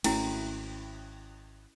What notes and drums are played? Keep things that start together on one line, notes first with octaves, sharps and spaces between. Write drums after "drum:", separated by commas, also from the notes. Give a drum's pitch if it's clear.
G#1 A3 C#4 E4 F#4, drum: cymbal